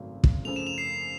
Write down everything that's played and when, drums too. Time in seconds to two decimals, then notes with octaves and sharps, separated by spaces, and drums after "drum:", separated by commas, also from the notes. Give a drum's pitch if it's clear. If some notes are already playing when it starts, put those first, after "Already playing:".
Already playing: G#1 F#2 C#3 F#3 A3
0.24 drum: kick
0.45 F#2 C#3 F3 A3 F7
0.56 E7
0.67 F7
0.78 C7